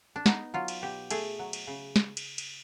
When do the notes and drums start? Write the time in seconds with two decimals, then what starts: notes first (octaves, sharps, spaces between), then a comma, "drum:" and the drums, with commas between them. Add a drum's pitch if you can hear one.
0.16 D4
0.26 B3 D#4, drum: snare
0.54 F#3 F4
0.68 drum: cymbal
0.82 B2 G4
1.11 A3 G#4, drum: cymbal
1.39 F#3
1.53 drum: cymbal
1.67 C#3
1.96 drum: snare
2.17 drum: cymbal
2.38 drum: cymbal